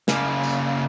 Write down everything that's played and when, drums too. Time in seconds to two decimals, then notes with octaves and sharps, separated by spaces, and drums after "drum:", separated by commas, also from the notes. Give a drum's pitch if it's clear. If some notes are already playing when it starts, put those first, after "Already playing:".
0.08 C#3 A#3, drum: snare
0.44 drum: tambourine